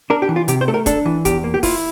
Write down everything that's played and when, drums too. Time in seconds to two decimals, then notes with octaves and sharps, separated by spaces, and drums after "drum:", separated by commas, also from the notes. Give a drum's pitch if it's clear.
0.10 D4 A#4
0.22 G4
0.29 E3
0.36 F4
0.48 C3 G4, drum: hi-hat
0.61 C5
0.68 A3 A4
0.74 A#4
0.86 D4 A4, drum: kick, hi-hat
1.06 E3
1.25 E2 G4, drum: kick, hi-hat
1.44 A#3
1.54 G4
1.63 E4 F4, drum: kick, open hi-hat